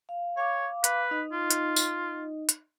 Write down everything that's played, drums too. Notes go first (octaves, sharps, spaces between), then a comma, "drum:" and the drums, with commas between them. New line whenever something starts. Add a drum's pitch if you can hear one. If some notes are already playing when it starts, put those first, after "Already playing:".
F5
C#5 F5 D6
B4, drum: hi-hat
D#4 D#5
F4
drum: hi-hat
drum: tambourine
drum: hi-hat